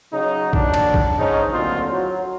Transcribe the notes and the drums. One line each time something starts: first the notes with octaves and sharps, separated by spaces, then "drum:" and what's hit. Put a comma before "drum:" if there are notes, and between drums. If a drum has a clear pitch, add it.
C#3 F#3 D#4
A#1 D#3 F#3 D4, drum: kick A#1
drum: cymbal
drum: kick A#1
G#2 C#4 D#4
D#2 A2 D3 F#3 C4 F4
F#3